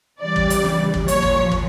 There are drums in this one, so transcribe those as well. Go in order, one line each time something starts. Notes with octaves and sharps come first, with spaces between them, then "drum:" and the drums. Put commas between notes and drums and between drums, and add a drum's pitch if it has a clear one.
C#3 E3 G3 D5
drum: kick
drum: hi-hat
drum: snare
drum: kick
A#2 F3 C#5, drum: hi-hat
drum: kick
drum: kick